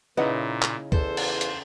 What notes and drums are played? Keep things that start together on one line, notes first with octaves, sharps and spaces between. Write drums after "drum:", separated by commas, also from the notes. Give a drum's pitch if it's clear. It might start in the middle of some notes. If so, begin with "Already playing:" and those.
A#2 C#3 D#4 E4 B4 D#5 F#5
drum: clap
E2 A4 C5, drum: kick C#2
drum: cymbal
drum: hi-hat